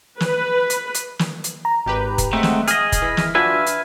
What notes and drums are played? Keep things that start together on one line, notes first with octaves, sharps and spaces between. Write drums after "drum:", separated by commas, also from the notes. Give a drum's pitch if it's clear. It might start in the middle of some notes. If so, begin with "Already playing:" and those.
B4, drum: snare
drum: hi-hat
drum: hi-hat
drum: snare
drum: hi-hat
A#5
G#1 G4 B4
drum: kick, hi-hat
G#3 A3 C4 E5 F#5
drum: snare
G#4 D#5 F6, drum: hi-hat
drum: kick, hi-hat
E3 B6
drum: snare
D4 F4 F#4 B4 E5 G#5
drum: hi-hat